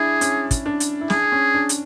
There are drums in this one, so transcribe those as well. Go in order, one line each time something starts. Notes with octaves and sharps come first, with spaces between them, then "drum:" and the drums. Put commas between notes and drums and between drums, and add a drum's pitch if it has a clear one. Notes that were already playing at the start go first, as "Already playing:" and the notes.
Already playing: D4 E4 G#4
C#4, drum: hi-hat
drum: kick, hi-hat
D4
drum: hi-hat
E4
D4 G#4, drum: snare
C#4
D4
drum: hi-hat